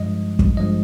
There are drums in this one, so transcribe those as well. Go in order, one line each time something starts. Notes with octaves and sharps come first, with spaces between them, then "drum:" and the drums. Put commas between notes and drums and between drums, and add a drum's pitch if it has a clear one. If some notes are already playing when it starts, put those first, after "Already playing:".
Already playing: G2 F3 G#3 D#5
drum: kick
G2 F3 G#3 D#5